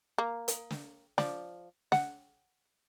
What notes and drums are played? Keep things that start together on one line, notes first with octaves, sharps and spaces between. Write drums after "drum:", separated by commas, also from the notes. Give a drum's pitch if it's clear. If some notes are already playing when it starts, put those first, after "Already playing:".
A#3
drum: hi-hat
drum: snare
F3 D5, drum: snare
F#5, drum: snare